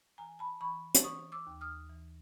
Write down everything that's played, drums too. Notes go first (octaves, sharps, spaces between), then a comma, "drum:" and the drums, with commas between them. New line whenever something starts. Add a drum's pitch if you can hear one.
E3 G#5 A#5
A5 B5
E3 B5 C#6
drum: hi-hat
E3 C#6 D#6
D6 E6
D#2
D#6 F6
E3